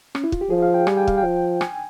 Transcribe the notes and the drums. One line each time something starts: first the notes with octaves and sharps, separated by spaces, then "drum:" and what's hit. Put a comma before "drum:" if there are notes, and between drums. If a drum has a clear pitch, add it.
C#4, drum: rim click
E4
F4, drum: kick
G4
F3 G#4
F5
G5
G3 G#5, drum: rim click
G5
F5, drum: kick
G5
F3
G#5, drum: rim click